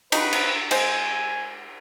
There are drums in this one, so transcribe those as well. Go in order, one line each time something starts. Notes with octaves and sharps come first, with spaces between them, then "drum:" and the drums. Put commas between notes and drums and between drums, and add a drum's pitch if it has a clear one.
C#3 D#4 B4, drum: cymbal
drum: cymbal
G#3 C5 G#5, drum: cymbal